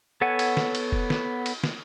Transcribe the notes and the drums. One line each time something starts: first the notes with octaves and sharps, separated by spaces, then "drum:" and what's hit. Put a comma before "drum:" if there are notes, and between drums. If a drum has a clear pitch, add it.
B3 A4 C#5 F#5 G#5
drum: cymbal
drum: snare
drum: cymbal
drum: kick
drum: snare
drum: cymbal
drum: snare